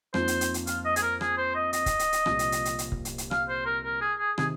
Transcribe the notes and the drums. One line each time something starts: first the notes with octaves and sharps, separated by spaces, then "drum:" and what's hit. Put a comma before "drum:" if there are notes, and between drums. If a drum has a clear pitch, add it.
F2 F3 A#3 D#4 C5, drum: rim click
drum: hi-hat
drum: hi-hat
drum: hi-hat
F4, drum: hi-hat
D#5
G#4, drum: hi-hat
A#4
G#4, drum: rim click
C5
D#5
D#5, drum: hi-hat
drum: kick, hi-hat
drum: hi-hat
drum: hi-hat
C2 A#2 F3 A#3, drum: rim click
drum: hi-hat
drum: hi-hat
drum: hi-hat
drum: hi-hat
drum: kick
drum: hi-hat
drum: hi-hat
F5, drum: rim click
C5
A#4
A#4
G#4
G#4
C3 D#3 G#4, drum: rim click